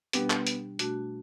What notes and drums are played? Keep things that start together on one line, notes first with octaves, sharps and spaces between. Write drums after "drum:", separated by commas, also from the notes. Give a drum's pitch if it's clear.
B2 G3 B3 D4 G4, drum: hi-hat
drum: clap
drum: hi-hat
B2 A3 D4 F#4, drum: hi-hat